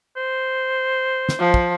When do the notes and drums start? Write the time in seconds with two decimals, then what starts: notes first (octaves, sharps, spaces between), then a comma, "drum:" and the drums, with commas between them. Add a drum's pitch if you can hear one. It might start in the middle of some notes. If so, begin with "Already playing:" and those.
0.17 C5
1.29 drum: snare
1.39 F3
1.54 drum: kick